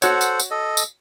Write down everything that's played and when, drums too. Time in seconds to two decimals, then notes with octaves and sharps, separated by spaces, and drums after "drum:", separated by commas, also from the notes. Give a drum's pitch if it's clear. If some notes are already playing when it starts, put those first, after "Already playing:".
0.02 F#4 A4 C5 C#5 F#5, drum: tambourine
0.21 drum: tambourine
0.40 drum: tambourine
0.51 A4 D#5
0.77 drum: tambourine